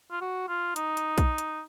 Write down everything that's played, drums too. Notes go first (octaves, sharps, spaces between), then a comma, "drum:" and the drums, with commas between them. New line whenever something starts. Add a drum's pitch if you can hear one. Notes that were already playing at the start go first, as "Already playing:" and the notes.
F4
F#4
F4
D#4, drum: hi-hat
drum: hi-hat
drum: kick, hi-hat
drum: hi-hat